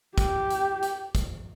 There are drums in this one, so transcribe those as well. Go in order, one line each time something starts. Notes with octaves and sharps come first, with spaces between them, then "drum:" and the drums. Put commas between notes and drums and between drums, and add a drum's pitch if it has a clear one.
G4, drum: kick, hi-hat
drum: hi-hat
drum: hi-hat
drum: kick, hi-hat